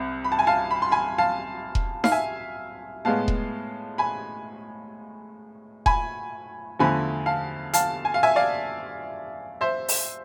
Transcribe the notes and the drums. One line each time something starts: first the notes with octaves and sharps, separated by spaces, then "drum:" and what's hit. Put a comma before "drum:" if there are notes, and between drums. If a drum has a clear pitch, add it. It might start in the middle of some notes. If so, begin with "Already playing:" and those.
Already playing: C2 C3
B5
A5
G#5
F5 A5
B5
C6
G#5 B5
F5 A5
drum: kick E1
F5, drum: snare D#4
E5 G#5
A2 G#3 B3 F5 A5
drum: kick E1
G#5 B5
G#5 B5, drum: kick E1
E2 D3 F3 A3 G#5 B5
F5 A5
F5 A5, drum: hi-hat
G#5
F5
E5 G#5
D5 F5
C5 E5
drum: open hi-hat